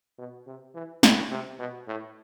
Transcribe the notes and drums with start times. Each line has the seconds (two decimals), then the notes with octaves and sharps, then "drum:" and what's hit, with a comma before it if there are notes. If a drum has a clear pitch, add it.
0.18 B2
0.47 C3
0.75 E3
1.03 D3, drum: snare
1.31 C3
1.59 B2
1.87 A2